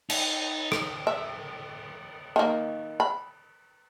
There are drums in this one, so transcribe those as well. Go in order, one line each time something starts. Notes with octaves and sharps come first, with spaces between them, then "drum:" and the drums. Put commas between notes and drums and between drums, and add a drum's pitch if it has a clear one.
D#4, drum: cymbal
drum: rim click
E5
D#3 A#3
B5